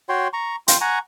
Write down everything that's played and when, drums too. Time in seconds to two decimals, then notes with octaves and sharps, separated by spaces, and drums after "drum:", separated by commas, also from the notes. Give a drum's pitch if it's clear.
0.09 F#4 C#5 G5 C6
0.33 A#5 C#6
0.68 F4 G5 C6, drum: hi-hat
0.81 F#5 G#5 A#5 C#6